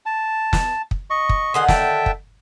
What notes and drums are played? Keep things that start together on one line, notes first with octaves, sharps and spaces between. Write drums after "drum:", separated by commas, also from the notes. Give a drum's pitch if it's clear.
A5
drum: snare
drum: kick
D#5 C#6
drum: kick
D3 D#3 G#4 F#5 C6
E5 G5 A5, drum: snare
drum: kick